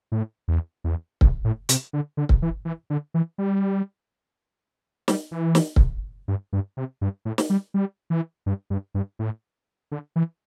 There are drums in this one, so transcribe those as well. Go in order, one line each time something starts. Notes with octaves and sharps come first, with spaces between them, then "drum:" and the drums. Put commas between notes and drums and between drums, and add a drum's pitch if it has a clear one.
A2
E2
E2
G2, drum: kick C#1
A2
C3, drum: hi-hat
D3
D3
drum: kick C#1
E3
E3
D3
E3
G3
G3, drum: snare
E3
drum: snare
drum: kick C#1
G2
G2
C3
G2
A2
drum: snare
G3
G3
E3
G2
G2
G2
A2
D3
E3